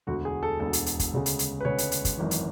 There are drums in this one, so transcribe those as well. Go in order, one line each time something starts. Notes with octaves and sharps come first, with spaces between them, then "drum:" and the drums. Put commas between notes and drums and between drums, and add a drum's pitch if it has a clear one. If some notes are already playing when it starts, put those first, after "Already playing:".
E1 D2 D3 F#4
G#4
A4
E1 D2 D3 A4
drum: hi-hat
drum: hi-hat
drum: kick, hi-hat
D2 C#3 G#3
drum: hi-hat
drum: hi-hat
B4
D2 C#3 G#3 C#5
drum: hi-hat
drum: hi-hat
drum: kick, hi-hat
G#1 F#2 E3
drum: hi-hat